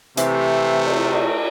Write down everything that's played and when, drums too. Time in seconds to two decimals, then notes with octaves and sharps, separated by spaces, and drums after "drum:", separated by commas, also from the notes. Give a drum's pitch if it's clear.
0.17 C3 E3 A3, drum: hi-hat
0.87 drum: cymbal
1.14 drum: cymbal